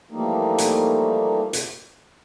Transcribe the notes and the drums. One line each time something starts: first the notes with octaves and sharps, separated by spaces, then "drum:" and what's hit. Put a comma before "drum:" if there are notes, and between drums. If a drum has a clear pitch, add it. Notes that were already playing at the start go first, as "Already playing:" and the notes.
E3 F3 G3 A3 A#3 D#4
drum: hi-hat
drum: hi-hat